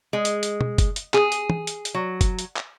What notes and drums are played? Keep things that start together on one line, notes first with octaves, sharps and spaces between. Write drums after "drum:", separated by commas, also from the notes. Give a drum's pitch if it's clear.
G#3
drum: hi-hat
drum: hi-hat
drum: tom
drum: kick F#1, hi-hat
drum: hi-hat
G#4, drum: clap
drum: hi-hat
drum: tom
drum: hi-hat
drum: hi-hat
F#3
drum: kick F#1, hi-hat
drum: hi-hat
drum: clap